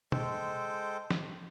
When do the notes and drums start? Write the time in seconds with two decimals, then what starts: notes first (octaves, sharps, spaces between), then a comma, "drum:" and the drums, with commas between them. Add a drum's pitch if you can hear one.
0.12 G#3 A4 C5 G5, drum: tom B2
1.11 drum: snare